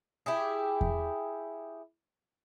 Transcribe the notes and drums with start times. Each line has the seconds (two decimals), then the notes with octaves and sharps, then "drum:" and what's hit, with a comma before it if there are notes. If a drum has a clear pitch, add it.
0.26 E4 G4 G#4
0.81 drum: kick E2